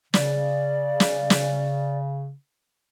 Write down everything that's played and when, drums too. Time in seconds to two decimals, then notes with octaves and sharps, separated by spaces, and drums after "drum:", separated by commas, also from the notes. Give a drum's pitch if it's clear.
0.14 C#3 D5, drum: snare
1.00 drum: snare
1.30 drum: snare